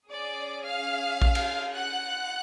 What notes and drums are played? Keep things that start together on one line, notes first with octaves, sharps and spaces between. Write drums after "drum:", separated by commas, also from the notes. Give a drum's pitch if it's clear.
C#4 G#4 D5 D6
F5 F6
drum: kick A#1
drum: cymbal
F#5 F#6